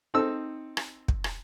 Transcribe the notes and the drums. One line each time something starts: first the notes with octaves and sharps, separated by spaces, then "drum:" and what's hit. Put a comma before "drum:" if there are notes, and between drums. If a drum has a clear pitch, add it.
C4 D#4 A4 E6
drum: rim click
drum: kick
drum: rim click